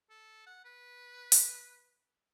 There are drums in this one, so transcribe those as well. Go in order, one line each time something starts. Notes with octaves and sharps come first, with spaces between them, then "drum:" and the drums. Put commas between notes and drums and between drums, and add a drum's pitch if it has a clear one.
A4
F#5
B4
drum: open hi-hat